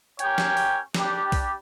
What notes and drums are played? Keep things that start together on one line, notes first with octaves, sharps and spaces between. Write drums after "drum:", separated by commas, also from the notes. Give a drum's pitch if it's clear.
C#4 G4 A#4 C#5 G5, drum: hi-hat
drum: snare
drum: open hi-hat
G3 D4 G4, drum: snare
drum: kick B1, open hi-hat